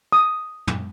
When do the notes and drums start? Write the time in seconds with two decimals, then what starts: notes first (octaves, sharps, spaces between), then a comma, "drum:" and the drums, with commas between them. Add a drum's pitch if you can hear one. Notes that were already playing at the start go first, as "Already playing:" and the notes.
0.12 D#6
0.67 drum: tom